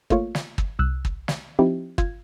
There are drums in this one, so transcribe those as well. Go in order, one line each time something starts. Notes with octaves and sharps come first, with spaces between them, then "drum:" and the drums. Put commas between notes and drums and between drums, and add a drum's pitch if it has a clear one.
A3 A#3 F4 C#5, drum: kick
drum: snare
drum: kick
C2 E6 F#6
drum: kick
drum: snare
F3 C4 D#4 E4 G4
F4 G#6, drum: kick